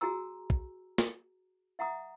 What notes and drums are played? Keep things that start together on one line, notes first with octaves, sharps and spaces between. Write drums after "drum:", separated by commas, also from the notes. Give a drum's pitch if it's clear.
F#4 G#4 G#5 A#5 E6
drum: kick
drum: snare
E5 F#5 A#5 D#6